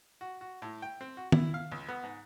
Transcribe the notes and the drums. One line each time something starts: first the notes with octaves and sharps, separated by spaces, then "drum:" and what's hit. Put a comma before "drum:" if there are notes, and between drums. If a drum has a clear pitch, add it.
F#4
F#4
A2
G5
C4
F#4
E4, drum: tom D#3
F5
C#2
B3
G#2